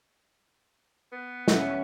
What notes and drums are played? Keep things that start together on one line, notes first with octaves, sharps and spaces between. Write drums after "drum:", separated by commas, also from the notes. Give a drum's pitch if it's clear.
B3
E3 G3 C#4 E5 F#5 C#6, drum: snare